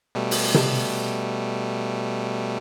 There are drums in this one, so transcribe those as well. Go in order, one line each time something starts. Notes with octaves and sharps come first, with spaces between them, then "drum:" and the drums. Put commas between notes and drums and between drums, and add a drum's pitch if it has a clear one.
B2 G3 A3
drum: open hi-hat
drum: tom C3